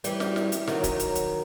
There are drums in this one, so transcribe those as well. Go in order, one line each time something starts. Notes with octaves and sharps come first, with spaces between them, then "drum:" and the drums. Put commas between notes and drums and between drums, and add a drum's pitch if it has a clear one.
E3 G3, drum: hi-hat
drum: snare
drum: snare
drum: hi-hat
D#3 F#3, drum: snare
drum: kick, hi-hat
drum: hi-hat
drum: hi-hat